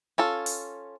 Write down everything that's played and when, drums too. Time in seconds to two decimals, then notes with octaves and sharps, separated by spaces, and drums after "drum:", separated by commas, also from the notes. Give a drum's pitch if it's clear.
0.18 C#4 F4 A4
0.46 drum: open hi-hat